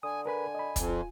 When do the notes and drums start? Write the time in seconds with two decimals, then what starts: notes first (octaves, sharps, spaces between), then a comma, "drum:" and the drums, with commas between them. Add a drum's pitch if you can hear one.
0.03 D3 G#5 D#6
0.26 A#4 B4 G#5 B5
0.55 D#5 B5
0.76 F2, drum: kick, hi-hat
0.90 F4